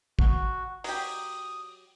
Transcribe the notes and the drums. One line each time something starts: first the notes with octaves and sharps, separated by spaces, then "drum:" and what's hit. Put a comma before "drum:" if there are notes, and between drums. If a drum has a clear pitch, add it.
F#4, drum: kick
F#3 G4 D#6, drum: open hi-hat